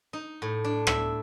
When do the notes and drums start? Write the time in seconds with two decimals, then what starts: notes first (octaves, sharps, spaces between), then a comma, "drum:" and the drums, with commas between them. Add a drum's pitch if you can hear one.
0.13 D#4
0.42 A2
0.64 D4
0.87 E5, drum: rim click